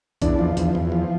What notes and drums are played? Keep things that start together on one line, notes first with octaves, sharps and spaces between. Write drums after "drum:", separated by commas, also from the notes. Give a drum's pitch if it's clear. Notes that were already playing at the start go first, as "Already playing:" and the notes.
E2 D4, drum: kick A#1, hi-hat
F3
E2, drum: hi-hat
E2
F3